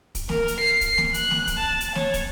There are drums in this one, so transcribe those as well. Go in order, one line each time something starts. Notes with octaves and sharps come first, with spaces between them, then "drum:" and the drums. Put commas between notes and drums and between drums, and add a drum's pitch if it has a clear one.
drum: kick, hi-hat
A#4, drum: snare
drum: hi-hat
C7
drum: kick, hi-hat
drum: snare
F#6, drum: hi-hat
drum: snare
drum: kick, hi-hat
A5
drum: hi-hat
C#5, drum: snare
drum: kick, hi-hat